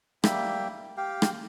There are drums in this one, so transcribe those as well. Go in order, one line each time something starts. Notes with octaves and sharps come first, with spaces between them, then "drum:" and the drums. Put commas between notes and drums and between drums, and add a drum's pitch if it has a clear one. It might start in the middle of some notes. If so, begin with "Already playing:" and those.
G3 A#3 E5 G5, drum: rim click
G4 F5 G5
drum: rim click